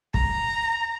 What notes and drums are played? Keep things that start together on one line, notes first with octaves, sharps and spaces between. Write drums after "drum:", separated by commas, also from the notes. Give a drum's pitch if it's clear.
A#5, drum: kick